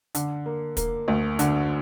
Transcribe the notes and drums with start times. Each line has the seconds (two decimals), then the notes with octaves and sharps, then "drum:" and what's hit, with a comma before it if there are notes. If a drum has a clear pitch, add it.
0.15 D3, drum: hi-hat
0.46 A#3
0.77 A#3, drum: kick, hi-hat
1.08 D2
1.39 D3, drum: hi-hat